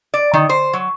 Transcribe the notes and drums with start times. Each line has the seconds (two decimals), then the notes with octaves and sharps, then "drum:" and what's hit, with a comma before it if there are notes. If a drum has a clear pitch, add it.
0.14 D5
0.34 D#3, drum: tom D3
0.49 C5
0.73 F#3